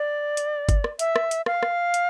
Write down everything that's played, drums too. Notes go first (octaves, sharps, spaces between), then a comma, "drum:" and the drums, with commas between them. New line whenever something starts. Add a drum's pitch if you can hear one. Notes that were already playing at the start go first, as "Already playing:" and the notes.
Already playing: D5
drum: hi-hat
drum: kick G1, hi-hat
drum: rim click
E5, drum: hi-hat
drum: rim click
drum: hi-hat
F5, drum: rim click
drum: rim click
drum: hi-hat